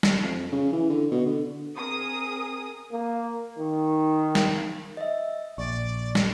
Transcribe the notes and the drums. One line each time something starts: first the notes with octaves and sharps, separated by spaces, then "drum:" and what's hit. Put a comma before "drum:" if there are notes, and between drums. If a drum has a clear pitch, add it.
drum: snare
F2
C#3
E3
D3
B2
D3
C4 G#4 A#4 D#6
A#3
D#3
drum: snare
D#5 E5
A#1 D5 C#6
drum: snare